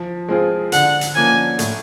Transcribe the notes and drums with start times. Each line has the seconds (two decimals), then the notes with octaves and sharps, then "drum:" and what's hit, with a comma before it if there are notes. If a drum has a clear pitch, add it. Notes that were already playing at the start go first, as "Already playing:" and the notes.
Already playing: F3
0.28 G#3 C4 F4 G#4
0.72 D3 F#5, drum: hi-hat
1.01 drum: hi-hat
1.16 F3 A#3 C#4 G#5
1.59 A2, drum: hi-hat